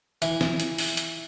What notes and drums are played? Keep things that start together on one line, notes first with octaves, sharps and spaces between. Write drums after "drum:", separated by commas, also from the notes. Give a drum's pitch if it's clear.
E3, drum: hi-hat
drum: snare
drum: hi-hat
drum: open hi-hat
drum: hi-hat